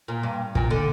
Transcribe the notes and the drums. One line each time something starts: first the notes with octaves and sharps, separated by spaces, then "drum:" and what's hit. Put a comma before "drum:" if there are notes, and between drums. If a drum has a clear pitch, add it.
A#2
G2
A#2, drum: kick
D3